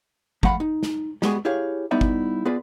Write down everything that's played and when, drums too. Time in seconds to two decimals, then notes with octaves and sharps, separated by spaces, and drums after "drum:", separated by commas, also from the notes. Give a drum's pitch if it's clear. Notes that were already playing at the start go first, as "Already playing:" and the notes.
0.43 F3 A3 F5 F#5 A#5 B5, drum: kick
0.60 D#4
0.83 drum: snare
1.22 G3 G#3 B3 F#4 G#4, drum: snare
1.45 E4 G4 G#4 C#5 F5
1.91 G3 B3 D#4 E4 D5 E5
2.01 drum: kick
2.45 B3 F4 G#4 B4 D5